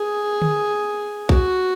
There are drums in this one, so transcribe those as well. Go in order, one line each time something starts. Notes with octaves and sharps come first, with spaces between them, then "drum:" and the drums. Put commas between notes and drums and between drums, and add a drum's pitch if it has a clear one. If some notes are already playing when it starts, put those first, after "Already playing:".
Already playing: G#4
drum: tom D3
F#4, drum: kick